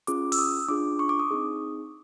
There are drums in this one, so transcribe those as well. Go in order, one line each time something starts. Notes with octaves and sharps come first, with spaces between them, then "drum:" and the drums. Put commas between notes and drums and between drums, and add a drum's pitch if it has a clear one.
C#4 F4 G#4 D6, drum: hi-hat
E6, drum: open hi-hat
D#6
D4 F4 G#4 D6
C#6
D6
D#6
C4 D#4 G#4